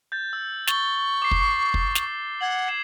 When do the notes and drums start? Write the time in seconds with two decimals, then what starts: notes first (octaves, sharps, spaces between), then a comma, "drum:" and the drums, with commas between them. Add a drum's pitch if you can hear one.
0.12 G6 A6
0.33 E6
0.67 C#6 A6 G7, drum: snare
1.22 D6 C7
1.31 drum: kick
1.74 drum: kick
1.95 drum: snare
2.41 F#5 G#6 F#7
2.68 C7 E7